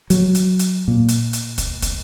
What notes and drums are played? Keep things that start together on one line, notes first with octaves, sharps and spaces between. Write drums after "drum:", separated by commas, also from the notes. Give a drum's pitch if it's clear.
F#3, drum: hi-hat
drum: hi-hat
drum: hi-hat
A#2
drum: hi-hat
drum: hi-hat
drum: kick, hi-hat
drum: kick, hi-hat